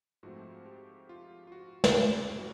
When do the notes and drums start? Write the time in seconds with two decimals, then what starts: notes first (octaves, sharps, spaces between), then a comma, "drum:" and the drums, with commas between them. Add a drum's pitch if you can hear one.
0.23 G#2 F3 A3 C4 F#4
0.66 G4
1.09 F4
1.47 F4
1.52 F#4
1.84 drum: snare
1.95 F#2 C#3 E3 A3 G4
2.38 F#4